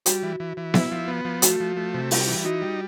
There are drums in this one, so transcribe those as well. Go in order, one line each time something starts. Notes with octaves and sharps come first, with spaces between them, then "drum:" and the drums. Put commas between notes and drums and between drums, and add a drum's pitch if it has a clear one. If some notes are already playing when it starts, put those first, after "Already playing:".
G3 F#4, drum: hi-hat
E3
E3
E3
E4, drum: snare B3
F3
B3
F3
A3 F#4, drum: hi-hat
F3
A3
C3
G3 F4, drum: open hi-hat
E3
D#4 F#4
G3